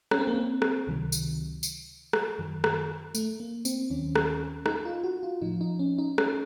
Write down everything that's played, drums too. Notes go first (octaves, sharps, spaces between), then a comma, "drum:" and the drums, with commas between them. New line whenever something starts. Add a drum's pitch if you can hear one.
C#4, drum: rim click
C4
A#3
C4
drum: rim click
C#2 C3 D#3 F#3
drum: tambourine
drum: tambourine
drum: rim click
F#2 D#3 F#3
drum: rim click
A3, drum: tambourine
A#3
C4, drum: tambourine
D#2 D#3 F#3 C#4
drum: rim click
D#4, drum: rim click
F4
F#4
F4
A2 F3 D#4
D#4
C#4
D#4
C#4, drum: rim click